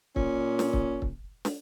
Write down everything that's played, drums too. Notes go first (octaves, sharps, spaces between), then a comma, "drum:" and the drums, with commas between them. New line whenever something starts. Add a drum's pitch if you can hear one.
A#2 C#4, drum: kick
drum: snare
drum: kick
drum: kick
drum: snare